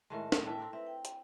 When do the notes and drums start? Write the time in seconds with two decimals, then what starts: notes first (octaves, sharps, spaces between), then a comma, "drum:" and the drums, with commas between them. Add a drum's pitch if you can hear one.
0.10 A2 D#3 G#3 A#4 E5 A5
0.32 drum: snare
0.46 A2 D#5 E5 G5 A5
0.58 C4 D4 A#4
0.73 C4 B4 E5
0.87 G5
1.05 drum: hi-hat